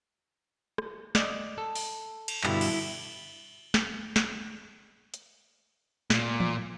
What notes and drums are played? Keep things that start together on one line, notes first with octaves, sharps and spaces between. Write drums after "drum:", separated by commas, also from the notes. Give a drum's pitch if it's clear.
drum: rim click
D5 D#5, drum: snare
A4
drum: open hi-hat
drum: cymbal
G2 B2 D3 E4, drum: clap
drum: cymbal
drum: snare
drum: snare
drum: hi-hat
A#2, drum: snare
drum: tom E3